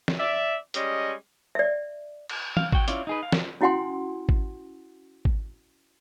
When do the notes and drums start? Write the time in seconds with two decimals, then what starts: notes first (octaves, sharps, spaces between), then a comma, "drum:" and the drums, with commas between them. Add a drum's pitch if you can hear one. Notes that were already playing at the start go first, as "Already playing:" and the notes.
0.08 drum: snare
0.19 D5 E5
0.74 G3 G#3 C#4 D#5, drum: hi-hat
1.55 D5 E5
2.29 drum: cymbal
2.57 F5, drum: tom
2.72 F#4 G5, drum: kick G#1
2.88 C#4 E4 F4 D5, drum: hi-hat
3.07 D#4 G#4 B4
3.23 F5
3.32 drum: snare
3.61 C#4 E4 F#4 F#5 G#5 C6
4.29 drum: kick G#1
5.25 drum: kick G#1